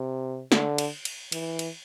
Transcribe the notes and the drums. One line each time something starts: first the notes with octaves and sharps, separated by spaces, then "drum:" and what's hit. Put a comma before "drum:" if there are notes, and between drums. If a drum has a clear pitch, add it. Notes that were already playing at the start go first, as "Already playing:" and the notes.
Already playing: C3
D3, drum: snare
drum: cymbal
drum: cymbal
E3, drum: cymbal
drum: cymbal